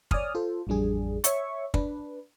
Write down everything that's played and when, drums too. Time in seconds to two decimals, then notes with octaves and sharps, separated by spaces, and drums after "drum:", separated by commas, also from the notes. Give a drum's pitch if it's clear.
0.11 C#5 D5 G#5 D#6 F6, drum: kick
0.35 F4 A4 C5
0.67 A1 F2 G3 D4 G#4
1.24 C#5 E5 C#6, drum: hi-hat
1.74 D4 B4, drum: kick